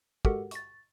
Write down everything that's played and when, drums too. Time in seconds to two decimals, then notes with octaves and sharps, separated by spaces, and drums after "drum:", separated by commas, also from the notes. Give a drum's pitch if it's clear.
0.25 G#3 F#4 G4 A4 A#4 F#5, drum: kick
0.51 C#6 A6, drum: hi-hat